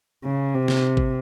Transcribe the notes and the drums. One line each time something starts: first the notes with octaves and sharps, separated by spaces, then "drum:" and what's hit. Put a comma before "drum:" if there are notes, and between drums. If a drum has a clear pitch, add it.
C#3
C3
drum: snare
drum: kick G#1